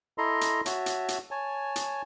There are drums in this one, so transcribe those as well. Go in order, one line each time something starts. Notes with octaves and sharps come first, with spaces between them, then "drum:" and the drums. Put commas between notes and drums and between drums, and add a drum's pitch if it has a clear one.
E4 A4 D#5 A#5 C6
drum: hi-hat
F#4 C#5 E5 A5, drum: hi-hat
drum: hi-hat
drum: hi-hat
C#5 G#5 A5
drum: hi-hat